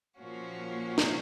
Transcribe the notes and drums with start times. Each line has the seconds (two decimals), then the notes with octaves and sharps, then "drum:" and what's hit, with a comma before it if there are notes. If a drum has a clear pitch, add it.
0.18 A#2 F3 A#3 C#4 F#4
0.98 drum: snare